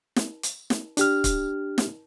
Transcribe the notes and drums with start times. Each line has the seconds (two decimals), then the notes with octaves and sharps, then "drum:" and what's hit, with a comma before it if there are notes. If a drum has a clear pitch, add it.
0.16 drum: snare
0.43 drum: hi-hat
0.70 drum: snare
0.97 D4 G4 F6, drum: hi-hat
1.24 drum: kick, hi-hat
1.78 drum: snare